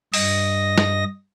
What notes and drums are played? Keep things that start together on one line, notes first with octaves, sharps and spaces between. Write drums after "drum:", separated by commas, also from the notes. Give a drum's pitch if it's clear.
G2 D#5 A#6, drum: open hi-hat
drum: snare